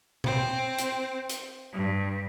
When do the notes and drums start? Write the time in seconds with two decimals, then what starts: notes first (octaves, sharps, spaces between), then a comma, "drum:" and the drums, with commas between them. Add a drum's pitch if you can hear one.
0.24 C4, drum: tom
0.78 drum: hi-hat
1.29 drum: hi-hat
1.74 G2